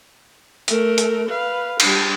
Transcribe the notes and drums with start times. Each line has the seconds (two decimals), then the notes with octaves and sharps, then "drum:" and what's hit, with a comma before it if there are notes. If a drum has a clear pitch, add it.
0.68 A3 A#4, drum: hi-hat
0.98 drum: hi-hat
1.29 B4 F5
1.80 G3 D4, drum: cymbal